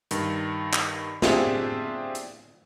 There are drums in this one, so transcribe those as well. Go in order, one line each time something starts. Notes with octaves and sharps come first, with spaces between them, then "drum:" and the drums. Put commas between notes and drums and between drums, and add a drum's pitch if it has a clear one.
G2 D#3, drum: hi-hat
drum: clap
C4 D4 F4 G4 G#4 E5, drum: snare
drum: hi-hat